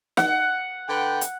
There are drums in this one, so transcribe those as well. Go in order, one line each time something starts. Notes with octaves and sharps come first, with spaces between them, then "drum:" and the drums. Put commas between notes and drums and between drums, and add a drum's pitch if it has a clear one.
F#5, drum: snare
D3 B4 G5
drum: hi-hat